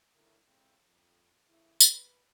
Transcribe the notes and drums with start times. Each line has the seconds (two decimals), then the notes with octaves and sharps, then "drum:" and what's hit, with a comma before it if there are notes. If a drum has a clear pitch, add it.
0.15 C#2 A2 D3 A3 E4 A#4
0.46 A2 C#3 G#3 C4
0.87 F2
1.47 C#3 E3 A3 E4
1.80 B4, drum: tambourine